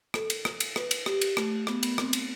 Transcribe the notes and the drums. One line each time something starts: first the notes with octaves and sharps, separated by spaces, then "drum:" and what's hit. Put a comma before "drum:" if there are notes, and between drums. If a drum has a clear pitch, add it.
A4, drum: rim click
drum: cymbal
drum: rim click
drum: cymbal
B4, drum: rim click
drum: cymbal
G4, drum: rim click
drum: cymbal
A3, drum: rim click
B3, drum: rim click
B3, drum: cymbal
C4, drum: rim click
drum: cymbal